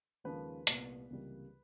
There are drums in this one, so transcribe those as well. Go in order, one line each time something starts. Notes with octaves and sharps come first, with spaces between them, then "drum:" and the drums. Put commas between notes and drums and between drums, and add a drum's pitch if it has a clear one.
D#2 C#3 F3 G#3 B4
C2 A#2 G3 B3, drum: hi-hat
C#2 C3 E3 G3 A#3